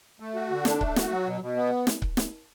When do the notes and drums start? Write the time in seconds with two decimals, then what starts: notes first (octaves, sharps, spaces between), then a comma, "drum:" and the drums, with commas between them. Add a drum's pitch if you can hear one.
0.20 A3
0.35 F#4
0.50 D3
0.65 D4, drum: snare
0.81 A3, drum: kick C#1
0.96 F#4, drum: snare
1.11 F#3
1.26 B2
1.41 B2
1.56 B3
1.87 drum: snare
2.02 drum: kick C#1
2.17 drum: snare